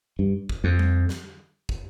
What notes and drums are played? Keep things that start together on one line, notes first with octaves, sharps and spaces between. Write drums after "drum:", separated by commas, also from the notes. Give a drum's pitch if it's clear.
G2
drum: kick
F2
drum: tom G3
drum: snare
drum: kick